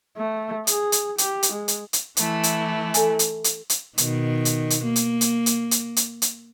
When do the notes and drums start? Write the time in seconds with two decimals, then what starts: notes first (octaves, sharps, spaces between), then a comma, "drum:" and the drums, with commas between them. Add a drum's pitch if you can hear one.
0.17 A3
0.67 G#4, drum: hi-hat
0.92 drum: hi-hat
1.18 G4, drum: hi-hat
1.43 drum: hi-hat
1.52 G#3
1.68 drum: hi-hat
1.93 drum: hi-hat
2.17 E3 A3 E4, drum: hi-hat
2.43 drum: hi-hat
2.94 A4 G#5, drum: hi-hat
3.19 drum: hi-hat
3.44 drum: hi-hat
3.70 drum: hi-hat
3.98 B2 D#3, drum: hi-hat
4.45 drum: hi-hat
4.70 drum: hi-hat
4.85 A#3
4.96 drum: hi-hat
5.21 drum: hi-hat
5.46 drum: hi-hat
5.71 drum: hi-hat
5.96 drum: hi-hat
6.22 drum: hi-hat